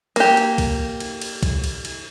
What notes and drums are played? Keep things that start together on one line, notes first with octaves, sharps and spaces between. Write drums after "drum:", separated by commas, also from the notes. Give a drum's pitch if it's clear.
A#3 G4, drum: cymbal
drum: cymbal
drum: kick, cymbal
drum: cymbal
drum: cymbal
drum: kick, cymbal
drum: cymbal
drum: cymbal